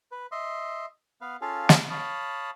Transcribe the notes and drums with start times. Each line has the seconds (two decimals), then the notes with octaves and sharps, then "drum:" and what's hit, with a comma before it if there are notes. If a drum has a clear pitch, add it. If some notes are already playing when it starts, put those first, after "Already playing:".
0.11 B4
0.32 D#5 E5 C6
1.21 B3 B4 F5
1.41 C#4 F4 G#4 A4 F5
1.69 drum: snare
1.90 C#5 F5 A5 B5 D#6